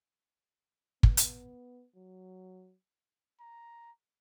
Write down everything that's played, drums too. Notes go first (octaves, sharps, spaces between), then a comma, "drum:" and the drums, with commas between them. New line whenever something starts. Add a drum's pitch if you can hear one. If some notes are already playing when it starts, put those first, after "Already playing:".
B3, drum: kick
drum: hi-hat
F#3
A#5